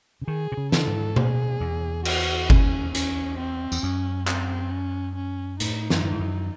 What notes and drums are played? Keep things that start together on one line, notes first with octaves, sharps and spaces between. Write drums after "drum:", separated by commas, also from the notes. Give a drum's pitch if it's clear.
C#3
D#3 G#4
C3
C#3
A4, drum: snare
G#2
G#4, drum: tom B2
E2
F#4, drum: cymbal
C#4, drum: kick G1
C#4, drum: hi-hat
C4
E2, drum: tambourine
F#2 C#4
C4, drum: clap
C#4
C#4
A2 D#4, drum: hi-hat
F#2, drum: snare
A2
G#2
F#2